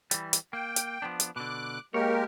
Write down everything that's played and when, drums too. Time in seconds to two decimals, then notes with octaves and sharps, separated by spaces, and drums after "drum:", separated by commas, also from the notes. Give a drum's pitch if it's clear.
0.11 E3 G3, drum: hi-hat
0.33 drum: hi-hat
0.53 A#3 G5
0.76 drum: hi-hat
1.02 F3 B3 D4
1.20 drum: hi-hat
1.36 B2 D3 D6 F#6
1.94 G#3 A#3 G4 A#4 C#5